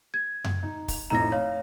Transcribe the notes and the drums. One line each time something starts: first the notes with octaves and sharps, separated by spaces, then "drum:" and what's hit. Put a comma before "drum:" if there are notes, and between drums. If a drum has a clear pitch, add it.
G#6
drum: tom F#2
D#4
drum: kick, open hi-hat
F2 A2 D#4 A#5 A#6
C#5 F5